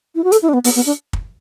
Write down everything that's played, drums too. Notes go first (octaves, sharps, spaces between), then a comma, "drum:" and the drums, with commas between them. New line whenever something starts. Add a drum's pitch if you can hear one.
E4
F#4
A4, drum: hi-hat
E4
D4
B3
B3, drum: open hi-hat
B3
D4
drum: kick